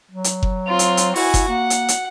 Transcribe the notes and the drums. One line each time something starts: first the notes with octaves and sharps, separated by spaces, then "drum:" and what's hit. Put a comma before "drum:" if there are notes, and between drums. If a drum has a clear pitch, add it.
F#3
drum: hi-hat
drum: kick F#1
C4 F4
drum: hi-hat
drum: hi-hat
E4 F#4 G#5, drum: open hi-hat
drum: kick F#1, hi-hat
A#3 F#5
drum: hi-hat
drum: hi-hat